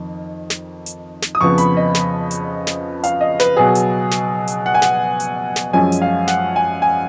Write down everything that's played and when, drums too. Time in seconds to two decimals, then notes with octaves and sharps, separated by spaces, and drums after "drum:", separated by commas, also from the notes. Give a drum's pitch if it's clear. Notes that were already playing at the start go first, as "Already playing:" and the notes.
Already playing: F2 D#3
0.50 drum: snare
0.86 drum: hi-hat
1.22 drum: snare
1.35 D#6
1.41 F2 C#3 F3 B3 C#6
1.58 B5, drum: hi-hat
1.77 D#5
1.95 drum: snare
2.31 drum: hi-hat
2.67 drum: snare
3.04 F5, drum: hi-hat
3.21 D#5
3.40 B4, drum: snare
3.57 B2 F#3 B3 G#4
3.75 drum: hi-hat
4.11 drum: snare
4.47 drum: hi-hat
4.66 F#5
4.75 G#5
4.82 F#5, drum: snare
5.20 drum: hi-hat
5.56 drum: snare
5.73 F#2 F3 G#3 C#4 G#5
5.92 drum: hi-hat
6.02 F5
6.28 F#5, drum: snare
6.56 G#5
6.82 G#5